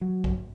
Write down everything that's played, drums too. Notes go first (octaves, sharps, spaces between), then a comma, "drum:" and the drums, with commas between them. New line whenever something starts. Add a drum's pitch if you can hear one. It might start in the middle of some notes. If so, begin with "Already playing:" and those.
F#3
drum: kick A#1